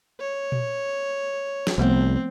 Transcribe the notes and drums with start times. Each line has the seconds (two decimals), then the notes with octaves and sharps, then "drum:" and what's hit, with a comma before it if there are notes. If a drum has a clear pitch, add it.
0.20 C#5
0.52 drum: tom A#2
1.67 drum: snare
1.78 C2 F3 A3 B3 C4